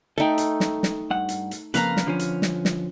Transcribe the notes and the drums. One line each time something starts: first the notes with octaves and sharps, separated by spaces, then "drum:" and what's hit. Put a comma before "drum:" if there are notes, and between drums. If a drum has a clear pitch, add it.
A3 D#4 A4 G5
drum: hi-hat
drum: snare
drum: snare
G2 F#5
drum: hi-hat
drum: hi-hat
F2 C#3 A#3 B4 F5 A#5, drum: hi-hat
drum: snare
D3 F3 C#4
drum: hi-hat
drum: snare
drum: snare